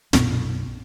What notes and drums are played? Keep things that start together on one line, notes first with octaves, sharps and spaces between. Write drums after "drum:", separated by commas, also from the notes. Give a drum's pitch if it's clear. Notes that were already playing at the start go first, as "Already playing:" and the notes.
B1 F#2 A#2 B3, drum: snare